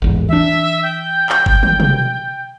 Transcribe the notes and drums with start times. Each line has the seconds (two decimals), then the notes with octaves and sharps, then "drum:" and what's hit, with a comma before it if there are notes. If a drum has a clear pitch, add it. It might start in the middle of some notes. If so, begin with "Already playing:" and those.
0.02 A1 E2 G#2
0.29 E3 D4 E5
0.83 G5
1.29 drum: clap
1.46 drum: kick G1
1.63 drum: tom
1.80 drum: tom